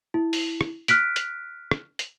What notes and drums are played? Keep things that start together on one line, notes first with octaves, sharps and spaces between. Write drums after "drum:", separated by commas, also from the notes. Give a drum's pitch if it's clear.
E4
drum: open hi-hat
drum: rim click
F6 F#6 B6 D7, drum: hi-hat
drum: hi-hat
drum: rim click
drum: hi-hat